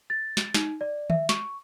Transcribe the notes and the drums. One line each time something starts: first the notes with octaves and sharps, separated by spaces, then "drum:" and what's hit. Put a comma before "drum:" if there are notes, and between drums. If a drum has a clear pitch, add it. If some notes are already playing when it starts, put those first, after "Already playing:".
A6
drum: snare
D#4, drum: snare
D5
E5, drum: tom
C#6, drum: snare